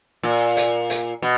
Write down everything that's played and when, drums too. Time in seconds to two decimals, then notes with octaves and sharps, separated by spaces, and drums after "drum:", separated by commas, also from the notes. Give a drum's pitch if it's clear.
0.23 A#2
0.57 drum: hi-hat
0.90 drum: hi-hat
1.22 B2